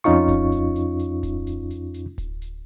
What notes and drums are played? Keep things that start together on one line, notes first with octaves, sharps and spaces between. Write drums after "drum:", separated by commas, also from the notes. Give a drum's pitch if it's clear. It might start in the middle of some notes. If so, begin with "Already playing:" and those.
F2 C#4 D#4 F4 C#6, drum: hi-hat
drum: kick D1, hi-hat
drum: hi-hat
drum: hi-hat
drum: hi-hat
drum: kick D1, hi-hat
drum: hi-hat
drum: hi-hat
drum: hi-hat
drum: kick D1, hi-hat
drum: hi-hat